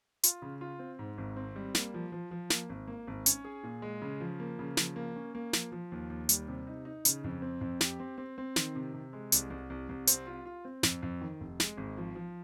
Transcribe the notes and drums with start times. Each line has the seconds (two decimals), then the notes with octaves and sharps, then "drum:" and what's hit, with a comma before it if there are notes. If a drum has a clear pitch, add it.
0.23 F4, drum: hi-hat
0.42 C#3
0.61 F4
0.79 C4
0.99 G#2
1.18 G#1
1.36 C4
1.56 G3
1.75 A#3, drum: snare
1.94 F3
2.12 F3
2.31 F3
2.50 A#3, drum: snare
2.69 G#1
2.88 A#3
3.07 G#1
3.26 C#4, drum: hi-hat
3.45 G#4
3.63 A#2
3.82 G#3
4.02 C#3
4.20 F3
4.40 A#3
4.59 C#3
4.77 F3, drum: snare
4.96 A#3
5.16 C#4
5.35 A#3
5.53 F3, drum: snare
5.72 F3
5.92 D#2
6.10 D#2
6.29 G3, drum: hi-hat
6.48 C3
6.67 D#4
6.85 D#4
7.05 C#3, drum: hi-hat
7.24 F2
7.42 C4
7.61 F2
7.81 G4, drum: snare
8.00 C4
8.18 C4
8.38 C4
8.56 D#3, drum: snare
8.75 C3
8.94 C3
9.13 G#3
9.32 C2, drum: hi-hat
9.50 C2
9.70 C2
9.89 C2
10.07 C4, drum: hi-hat
10.27 F4
10.45 F4
10.65 C4
10.83 F2, drum: snare
11.03 F2
11.21 D#3
11.41 F1
11.60 G#3, drum: snare
11.77 G#1
11.97 F3
12.15 F3